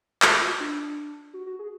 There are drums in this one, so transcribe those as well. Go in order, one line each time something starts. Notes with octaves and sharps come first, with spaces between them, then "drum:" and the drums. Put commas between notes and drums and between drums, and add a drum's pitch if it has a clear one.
F#4, drum: clap
F4
D4
F#4
F#4
G#4